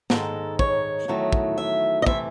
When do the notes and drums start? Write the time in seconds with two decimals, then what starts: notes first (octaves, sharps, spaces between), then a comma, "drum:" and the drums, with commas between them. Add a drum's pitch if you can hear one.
0.10 G#2 D#3 G#3 A4, drum: snare
0.59 C#5, drum: kick
1.08 E2 D#3 F#3 A3
1.33 drum: kick
1.58 E5
2.02 D#5
2.07 C3 E3 A3 E5, drum: kick